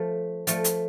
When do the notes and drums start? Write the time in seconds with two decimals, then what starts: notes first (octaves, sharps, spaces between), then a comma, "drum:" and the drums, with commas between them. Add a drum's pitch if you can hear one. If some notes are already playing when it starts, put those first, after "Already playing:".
Already playing: F3 A3
0.47 F3 A3, drum: hi-hat
0.64 drum: hi-hat